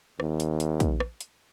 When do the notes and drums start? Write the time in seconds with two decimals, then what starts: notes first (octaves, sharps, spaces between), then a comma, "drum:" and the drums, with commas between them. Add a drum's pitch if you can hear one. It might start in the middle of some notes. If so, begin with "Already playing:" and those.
0.20 D#2, drum: rim click
0.40 drum: hi-hat
0.60 drum: hi-hat
0.80 drum: kick, hi-hat
1.00 drum: rim click
1.21 drum: hi-hat